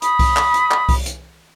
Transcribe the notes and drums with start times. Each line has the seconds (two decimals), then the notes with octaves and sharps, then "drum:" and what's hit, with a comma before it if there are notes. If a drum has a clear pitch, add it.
0.02 B5 D#6, drum: hi-hat
0.19 drum: kick C2, open hi-hat
0.37 drum: clap
0.54 drum: hi-hat
0.71 drum: clap
0.89 drum: kick C2, open hi-hat
1.06 drum: hi-hat